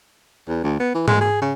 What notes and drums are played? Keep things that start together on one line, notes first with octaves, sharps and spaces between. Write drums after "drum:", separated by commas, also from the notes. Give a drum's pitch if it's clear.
E2
D2
B3
E3
G#3, drum: tom G#2
G#4
C#3